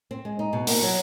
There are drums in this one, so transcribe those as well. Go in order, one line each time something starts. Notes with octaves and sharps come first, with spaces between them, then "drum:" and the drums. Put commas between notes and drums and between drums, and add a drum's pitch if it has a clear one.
C4
G#3
D#4
B2
A#3, drum: open hi-hat
F#3